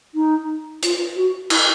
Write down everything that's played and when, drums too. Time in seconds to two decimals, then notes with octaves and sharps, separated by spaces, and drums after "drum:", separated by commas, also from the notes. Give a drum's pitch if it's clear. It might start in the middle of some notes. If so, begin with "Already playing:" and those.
0.15 D#4
0.83 F4, drum: hi-hat
1.16 F#4
1.50 E4, drum: cymbal